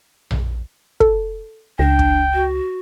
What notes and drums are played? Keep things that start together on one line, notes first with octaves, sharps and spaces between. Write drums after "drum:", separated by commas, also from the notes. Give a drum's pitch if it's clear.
drum: tom A#1
A4, drum: kick
C#2 D4 G5 A#6
drum: kick
F#4